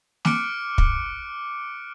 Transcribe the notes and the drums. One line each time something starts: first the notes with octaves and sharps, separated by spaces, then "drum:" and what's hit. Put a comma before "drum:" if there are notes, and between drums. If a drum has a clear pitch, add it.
D6 F6 F#6 C#7 D7, drum: snare
drum: kick